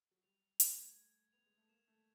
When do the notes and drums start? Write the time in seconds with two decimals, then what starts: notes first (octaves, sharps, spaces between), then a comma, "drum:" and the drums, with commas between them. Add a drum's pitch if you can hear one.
0.11 F#3
0.23 G3 F7
0.60 G#6, drum: hi-hat
0.72 A3
0.96 G#6
1.33 B3 F7
1.46 G#3
1.57 A3
1.69 A#3 E7
1.87 A3